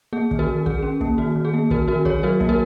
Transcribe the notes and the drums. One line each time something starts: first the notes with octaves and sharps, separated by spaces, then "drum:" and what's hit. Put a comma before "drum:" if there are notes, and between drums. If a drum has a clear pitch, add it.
A#3 G#4
D#3, drum: kick
F#4 A#4
D#3
D#3 G#4, drum: kick
C#4
A#3, drum: kick
D#3 F#4
D#3
G#4
A#3
D#3 F#4 A#4, drum: kick
D#3 F#4 A#4
D#3 G#4 C#5, drum: kick
F#3 F#4 A#4
A#3, drum: kick
F#4 A#4